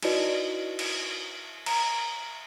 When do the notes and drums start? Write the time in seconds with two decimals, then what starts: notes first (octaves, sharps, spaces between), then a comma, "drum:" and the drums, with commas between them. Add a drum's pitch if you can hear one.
0.03 D#4 E4 F#4 B4 D5 D#5, drum: cymbal
0.79 drum: cymbal
1.66 A#5, drum: cymbal